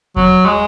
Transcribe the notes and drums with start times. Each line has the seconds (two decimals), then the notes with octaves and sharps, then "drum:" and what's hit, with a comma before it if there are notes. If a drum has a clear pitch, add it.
0.16 F#3, drum: kick E2
0.46 G#3